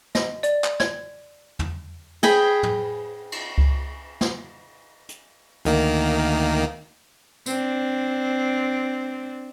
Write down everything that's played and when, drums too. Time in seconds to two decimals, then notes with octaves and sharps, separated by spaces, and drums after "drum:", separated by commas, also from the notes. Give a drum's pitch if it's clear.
0.15 D#5, drum: snare
0.43 D5, drum: hi-hat
0.64 drum: clap
0.80 G#6, drum: snare
1.59 drum: tom
2.23 G#4 G5 B5, drum: cymbal
2.63 drum: tom
3.32 drum: cymbal
3.58 drum: kick C#2
4.21 drum: snare
5.09 drum: hi-hat
5.65 D2 D#3 A#3, drum: hi-hat
7.46 C4 D4, drum: tambourine